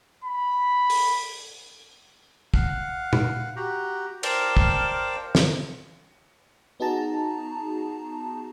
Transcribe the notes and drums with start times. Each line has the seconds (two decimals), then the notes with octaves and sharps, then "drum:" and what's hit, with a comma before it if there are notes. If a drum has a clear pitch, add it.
0.24 B5
0.90 drum: open hi-hat
2.54 F5 F#5, drum: kick
3.13 drum: tom A#2
3.56 F#4 G4 A#5
4.23 A#4 C5 D5 F5 G5 A5, drum: cymbal
4.57 drum: kick
5.35 drum: snare
6.80 B3 D#4 F#4 G#4 A5 A#5